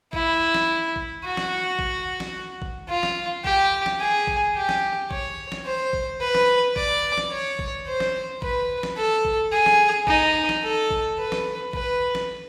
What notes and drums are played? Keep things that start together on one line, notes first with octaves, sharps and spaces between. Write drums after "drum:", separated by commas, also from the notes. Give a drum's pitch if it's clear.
E4, drum: kick
drum: snare
drum: kick
F#4
drum: snare
drum: kick
drum: snare
drum: kick
F4
drum: snare
G4, drum: kick
drum: snare
G#4
drum: kick
G4
drum: snare
C#5, drum: kick
drum: snare
C5
drum: kick
B4
drum: snare
D5, drum: kick
drum: snare
C#5
drum: kick
C5
drum: snare
B4, drum: kick
drum: snare
A4
drum: kick
G#4
drum: snare
D#4, drum: kick
drum: snare
A4
drum: kick
B4
drum: snare
B4, drum: kick
drum: snare